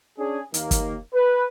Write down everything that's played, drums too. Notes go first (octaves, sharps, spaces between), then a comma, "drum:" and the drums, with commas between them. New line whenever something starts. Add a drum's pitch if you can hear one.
C#4 D4 G#4
D#2 D#3 A#3, drum: hi-hat
drum: kick, hi-hat
B4